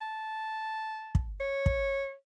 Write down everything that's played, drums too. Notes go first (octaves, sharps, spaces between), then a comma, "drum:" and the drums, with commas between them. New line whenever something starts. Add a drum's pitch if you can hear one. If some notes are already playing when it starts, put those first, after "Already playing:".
A5
drum: kick
C#5
drum: kick